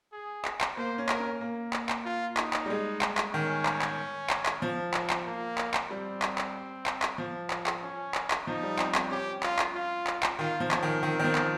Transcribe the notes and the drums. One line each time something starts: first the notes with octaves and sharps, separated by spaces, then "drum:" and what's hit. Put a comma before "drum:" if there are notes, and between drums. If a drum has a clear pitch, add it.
G#4
drum: clap
drum: clap
A#3 C5
C#4
A#4, drum: clap
C#4
A#3
drum: clap
drum: clap
F4
D#4, drum: clap
drum: clap
G3
G#3
drum: clap
drum: clap
D#3 C#4
drum: clap
drum: clap
drum: clap
drum: clap
F3
drum: clap
drum: clap
A#3
drum: clap
drum: clap
G3 C4
drum: clap
drum: clap
drum: clap
drum: clap
F3
drum: clap
drum: clap
C#4
drum: clap
drum: clap
F3 D#4
G3
C4, drum: clap
C4, drum: clap
C#4 G4
F4, drum: clap
drum: clap
F4
drum: clap
drum: clap
D#3 F4
F3
C#4, drum: clap
D#3
D#3 C4
D#3
F3
drum: clap